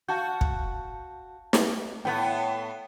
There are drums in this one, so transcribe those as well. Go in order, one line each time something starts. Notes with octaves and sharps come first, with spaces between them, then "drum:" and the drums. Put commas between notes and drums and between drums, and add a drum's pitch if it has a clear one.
F#4 F5 A5 G6
drum: kick
drum: snare
A2 B3 G5